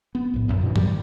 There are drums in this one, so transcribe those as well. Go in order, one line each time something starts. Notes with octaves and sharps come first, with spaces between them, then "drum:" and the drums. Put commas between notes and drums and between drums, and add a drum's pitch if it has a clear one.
B3
A#1 A2
D1 C#2 F#2 A#2
G2 B2 E3
D#3 E3 F#3 G3, drum: tom G2